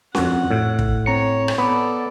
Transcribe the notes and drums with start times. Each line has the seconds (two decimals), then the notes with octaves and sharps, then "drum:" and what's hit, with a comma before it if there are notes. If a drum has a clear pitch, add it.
0.15 F2 F#4 F#5, drum: snare C#4
0.51 A2
0.79 drum: kick
1.06 C4 C#5 A#5 C#7
1.48 drum: rim click
1.58 B3 A4 D5 B5